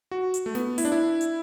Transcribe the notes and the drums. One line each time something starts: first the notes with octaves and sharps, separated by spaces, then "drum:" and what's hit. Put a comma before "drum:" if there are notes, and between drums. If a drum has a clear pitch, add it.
F#4
drum: hi-hat
A3
B3, drum: snare
E4, drum: open hi-hat
D4
E4
drum: hi-hat